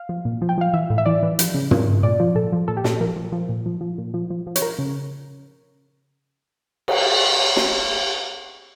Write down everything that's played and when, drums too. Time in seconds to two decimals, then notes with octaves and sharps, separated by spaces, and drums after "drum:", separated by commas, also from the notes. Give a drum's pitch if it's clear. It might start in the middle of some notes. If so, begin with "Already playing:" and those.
Already playing: F5
0.09 F3
0.25 A#2
0.42 F3
0.49 G5
0.58 F3 F5
0.73 E3 E5
0.90 A2
0.98 E5
1.06 E3 D5
1.23 E3
1.39 F3, drum: hi-hat
1.54 C#3
1.71 C#3, drum: tom
1.87 C#3
2.03 A#2 D5
2.20 F3
2.35 A#2 A4
2.52 F3
2.68 A#2 A4
2.77 G4
2.84 A#2 A4, drum: snare
3.00 F3 A#4
3.16 F3
3.32 F3
3.49 A#2
3.66 F3
3.81 F3
3.98 A#2
4.14 F3
4.30 F3
4.47 F3
4.56 C#5, drum: hi-hat
4.62 F3 A#4
4.79 C#3
6.88 drum: cymbal
7.56 drum: snare